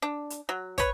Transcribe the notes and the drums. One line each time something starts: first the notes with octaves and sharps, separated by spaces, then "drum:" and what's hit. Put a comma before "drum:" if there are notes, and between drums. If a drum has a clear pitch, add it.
D4
drum: hi-hat
F#3
B4 C#5, drum: kick, hi-hat